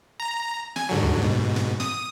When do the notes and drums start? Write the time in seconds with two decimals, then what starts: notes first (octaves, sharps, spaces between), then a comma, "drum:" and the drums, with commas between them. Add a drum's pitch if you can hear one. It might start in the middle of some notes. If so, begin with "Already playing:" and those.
0.20 A#5
0.76 G#5, drum: snare
0.89 G#2 D3 F#3
1.03 drum: tom D#2
1.22 G#2 B2
1.56 drum: snare
1.80 D#6, drum: snare